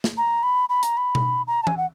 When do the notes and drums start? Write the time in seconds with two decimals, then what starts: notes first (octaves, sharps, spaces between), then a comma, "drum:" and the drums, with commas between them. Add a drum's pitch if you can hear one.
0.04 drum: snare
0.17 A#5
0.43 B5
0.69 B5
0.83 A#5, drum: hi-hat
0.97 B5
1.15 drum: tom B2
1.47 A#5
1.63 A5
1.67 G#5, drum: tom E3
1.77 F#5